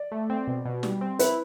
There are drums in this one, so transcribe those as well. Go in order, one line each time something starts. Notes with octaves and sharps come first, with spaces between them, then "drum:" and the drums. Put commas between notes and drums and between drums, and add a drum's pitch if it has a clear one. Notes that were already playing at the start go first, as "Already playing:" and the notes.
Already playing: D5
A3
C4
B2
B2
G3, drum: snare
C4
E4 B4, drum: hi-hat